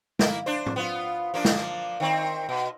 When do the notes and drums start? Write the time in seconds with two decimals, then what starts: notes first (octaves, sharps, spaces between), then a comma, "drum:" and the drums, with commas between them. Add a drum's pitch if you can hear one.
0.19 A#3 E4, drum: snare
0.46 D4 C5
0.66 drum: tom
0.76 B3 F4
1.34 F3 A#3 D4
1.45 drum: snare
2.00 D#3 C4
2.49 B2